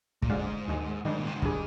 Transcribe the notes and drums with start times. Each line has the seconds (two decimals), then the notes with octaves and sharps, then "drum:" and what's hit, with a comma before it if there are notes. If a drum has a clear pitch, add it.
0.22 A#2, drum: kick
0.30 G#2 D3 G#3 D4 F4
0.68 D#2 D#3 G#3
1.05 G#2 D#3 G3 D4
1.18 A#2
1.27 C3
1.35 D3
1.42 D#3 G3 D4 G#4, drum: kick